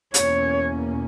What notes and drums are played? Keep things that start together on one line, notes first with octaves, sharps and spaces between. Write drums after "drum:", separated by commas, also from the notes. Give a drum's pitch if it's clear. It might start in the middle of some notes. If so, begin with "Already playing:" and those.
E2 B2 A#3 C#4 C#5, drum: hi-hat